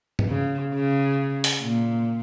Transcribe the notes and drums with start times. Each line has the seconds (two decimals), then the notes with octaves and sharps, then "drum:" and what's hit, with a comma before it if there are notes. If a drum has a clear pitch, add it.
0.19 drum: tom G#2
0.28 C#3
0.73 C#3
1.44 drum: open hi-hat
1.62 A#2